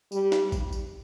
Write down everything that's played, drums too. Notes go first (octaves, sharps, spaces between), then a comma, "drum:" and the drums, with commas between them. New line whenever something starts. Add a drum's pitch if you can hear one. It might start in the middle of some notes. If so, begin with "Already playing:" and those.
G3, drum: tambourine
drum: snare
drum: kick A1, tambourine
drum: tambourine